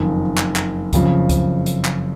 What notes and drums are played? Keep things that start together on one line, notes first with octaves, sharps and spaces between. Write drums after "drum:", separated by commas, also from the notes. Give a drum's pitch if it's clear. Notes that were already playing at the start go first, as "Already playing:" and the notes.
Already playing: F#1 F2 D#3
drum: clap
drum: clap
F#1 F2 C#3 F3, drum: kick C#2, hi-hat
drum: kick C#2, hi-hat
drum: hi-hat
drum: clap